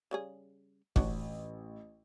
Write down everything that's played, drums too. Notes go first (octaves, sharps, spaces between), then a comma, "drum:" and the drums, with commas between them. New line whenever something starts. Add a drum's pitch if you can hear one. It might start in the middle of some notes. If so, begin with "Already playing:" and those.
C#3 G3 G#4
A1 F#3 D4 F#4, drum: kick